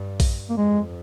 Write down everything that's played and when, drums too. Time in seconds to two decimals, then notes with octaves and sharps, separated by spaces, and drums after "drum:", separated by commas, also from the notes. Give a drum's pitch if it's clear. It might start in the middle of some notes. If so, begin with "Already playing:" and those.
Already playing: G2
0.20 drum: kick A#1, open hi-hat
0.49 A#3
0.57 F2 G#3